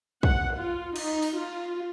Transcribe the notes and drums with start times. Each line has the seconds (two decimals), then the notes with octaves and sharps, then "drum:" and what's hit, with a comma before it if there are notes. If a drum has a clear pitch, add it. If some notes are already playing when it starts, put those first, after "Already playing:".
0.23 F#5, drum: kick
0.56 F4
0.96 D#4, drum: cymbal
1.22 drum: open hi-hat
1.37 F4